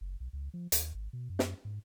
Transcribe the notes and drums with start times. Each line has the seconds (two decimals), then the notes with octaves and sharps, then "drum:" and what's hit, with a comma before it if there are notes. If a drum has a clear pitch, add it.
0.01 F#1
0.20 B1
0.33 C#2
0.54 F3
0.72 D#2, drum: hi-hat
0.95 G#1
1.13 B2
1.30 F#2
1.39 drum: snare
1.65 G#2